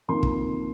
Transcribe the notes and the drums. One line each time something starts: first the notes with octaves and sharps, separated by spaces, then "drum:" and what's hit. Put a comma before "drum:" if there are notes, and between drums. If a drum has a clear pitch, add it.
F2 D#3 A#3 C6
drum: kick